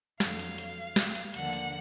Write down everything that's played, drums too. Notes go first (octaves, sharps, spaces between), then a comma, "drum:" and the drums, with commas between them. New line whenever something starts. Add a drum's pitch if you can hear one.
F2 D3 F#3 F5, drum: snare
drum: hi-hat
drum: hi-hat
drum: snare
drum: hi-hat
D#2 D3 F3 A#3 D4 F#5, drum: hi-hat
drum: hi-hat